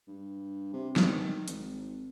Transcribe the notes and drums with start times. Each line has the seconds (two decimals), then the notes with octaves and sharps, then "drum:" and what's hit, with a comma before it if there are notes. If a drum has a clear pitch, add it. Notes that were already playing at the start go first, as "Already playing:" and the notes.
0.07 G2
0.73 C3
0.96 D#3, drum: snare
1.48 G#1, drum: hi-hat